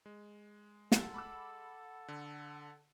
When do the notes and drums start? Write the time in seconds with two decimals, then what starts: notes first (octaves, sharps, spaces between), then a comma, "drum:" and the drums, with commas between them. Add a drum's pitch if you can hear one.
0.06 G#3
0.92 A4 F5 F#5 C6, drum: snare
1.14 B5 D6 E6
2.08 D3